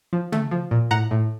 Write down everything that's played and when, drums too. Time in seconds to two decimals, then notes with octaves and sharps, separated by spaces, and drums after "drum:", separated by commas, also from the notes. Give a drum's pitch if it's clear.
0.13 F3
0.32 A3, drum: tom C#3
0.51 F3
0.71 A#2
0.91 A2 F#5 A#5
1.11 A2